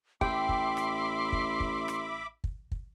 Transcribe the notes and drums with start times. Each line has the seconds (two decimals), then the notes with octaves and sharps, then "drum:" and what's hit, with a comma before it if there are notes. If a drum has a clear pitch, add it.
0.21 A1 E5 G5 B5 C6 D6, drum: kick
0.49 drum: kick
0.77 drum: rim click
1.32 drum: kick
1.60 drum: kick
1.88 drum: rim click
2.44 drum: kick
2.72 drum: kick